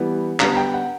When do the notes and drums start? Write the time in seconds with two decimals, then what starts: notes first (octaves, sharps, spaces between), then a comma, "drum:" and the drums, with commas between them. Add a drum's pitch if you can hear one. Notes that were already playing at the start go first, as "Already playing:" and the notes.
Already playing: E3 G3 B3
0.40 D3 G3 B3 A#5, drum: clap
0.53 A#5
0.57 G5
0.74 F#5